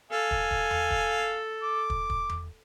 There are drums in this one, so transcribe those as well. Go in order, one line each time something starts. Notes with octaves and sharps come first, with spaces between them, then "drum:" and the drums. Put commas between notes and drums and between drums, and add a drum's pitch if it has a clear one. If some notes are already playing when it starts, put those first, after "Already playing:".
A4 F5 G#5
drum: kick
drum: kick
drum: tom E2
drum: kick
D6
drum: kick
drum: kick
drum: tom E2